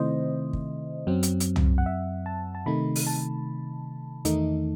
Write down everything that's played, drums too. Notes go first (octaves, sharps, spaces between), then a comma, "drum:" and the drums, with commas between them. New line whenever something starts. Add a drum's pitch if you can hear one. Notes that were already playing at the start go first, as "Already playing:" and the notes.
Already playing: C3 D#3 A3 C4 E4 C5 D#5
drum: kick
F#2 F#3 C4
drum: hi-hat
drum: hi-hat
drum: tom
F#5
E5
A5
A5
C3 D#3 A3 D#4 B5
drum: open hi-hat
A5
E2 D#3 A3 D#4, drum: hi-hat